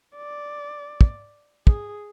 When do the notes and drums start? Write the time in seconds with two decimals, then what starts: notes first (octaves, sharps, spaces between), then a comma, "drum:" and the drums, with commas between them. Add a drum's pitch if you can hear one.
0.16 D5
1.01 drum: kick
1.67 G#4, drum: kick